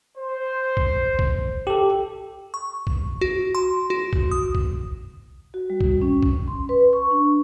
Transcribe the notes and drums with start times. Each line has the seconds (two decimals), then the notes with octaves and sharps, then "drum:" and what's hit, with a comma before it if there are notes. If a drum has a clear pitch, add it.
0.17 C5
0.77 drum: kick
1.19 drum: kick
1.67 G4 A4
2.54 C#6
2.87 drum: kick
3.21 F#4
3.55 C6
3.90 F#4
4.13 drum: kick
4.31 D#6
4.55 drum: kick
5.54 F#4
5.70 G3
5.81 drum: kick
6.02 C#4
6.23 drum: kick
6.47 C6
6.69 B4
6.93 C#6
7.11 D4